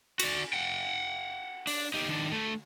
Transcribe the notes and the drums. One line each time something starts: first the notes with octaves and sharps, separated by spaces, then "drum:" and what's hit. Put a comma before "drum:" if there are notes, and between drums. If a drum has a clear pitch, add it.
F#4 D5, drum: cymbal
F#5 G5
D4, drum: open hi-hat
D#4 G4
D#3 D4
D3 A3